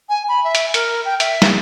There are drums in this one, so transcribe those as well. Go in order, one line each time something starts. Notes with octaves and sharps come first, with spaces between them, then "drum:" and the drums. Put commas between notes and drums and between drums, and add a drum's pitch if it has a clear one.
G#5
B5
E5
drum: hi-hat
A#4, drum: hi-hat
G5
E5, drum: hi-hat
drum: snare